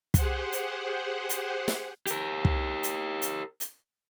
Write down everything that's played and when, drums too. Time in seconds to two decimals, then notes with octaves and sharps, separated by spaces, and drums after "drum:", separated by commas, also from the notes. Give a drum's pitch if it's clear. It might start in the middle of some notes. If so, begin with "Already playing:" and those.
0.14 G4 G#4 C5 F#5, drum: kick, hi-hat
0.52 drum: hi-hat
1.29 drum: hi-hat
1.68 drum: snare
2.07 G4 A#4, drum: hi-hat
2.45 drum: kick
2.83 drum: hi-hat
3.22 drum: hi-hat
3.60 drum: hi-hat